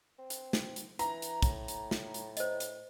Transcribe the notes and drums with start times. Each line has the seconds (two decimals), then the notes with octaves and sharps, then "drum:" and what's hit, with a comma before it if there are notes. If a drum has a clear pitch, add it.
0.19 C4
0.30 drum: hi-hat
0.53 drum: snare
0.76 drum: hi-hat
0.99 E3 A#5, drum: hi-hat
1.22 drum: hi-hat
1.42 A2, drum: kick, hi-hat
1.68 drum: hi-hat
1.91 drum: snare
2.14 drum: hi-hat
2.37 C5 D#5, drum: hi-hat
2.60 drum: hi-hat